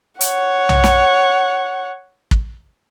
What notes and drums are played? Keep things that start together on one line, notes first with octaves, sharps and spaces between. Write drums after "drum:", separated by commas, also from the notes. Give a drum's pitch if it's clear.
C#5 F#5, drum: hi-hat
drum: tom B1
drum: snare
drum: kick